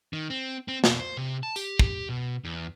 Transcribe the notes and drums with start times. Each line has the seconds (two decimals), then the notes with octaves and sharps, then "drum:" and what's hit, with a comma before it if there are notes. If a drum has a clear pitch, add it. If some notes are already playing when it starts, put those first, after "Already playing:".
0.13 D#3
0.30 C4
0.68 C4
0.84 B2, drum: snare
1.00 C5
1.17 C3
1.43 A5
1.56 G4, drum: tambourine
1.79 drum: kick
2.09 B2
2.45 E2